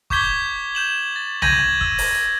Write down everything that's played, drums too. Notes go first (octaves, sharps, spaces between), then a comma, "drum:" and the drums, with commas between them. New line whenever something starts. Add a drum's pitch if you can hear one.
C#6 D6 G6 G#6 B6 G7, drum: kick
G6 E7 F#7
A6
G6 G#6 A#6 D#7 F#7, drum: tom C2
E6, drum: kick
drum: open hi-hat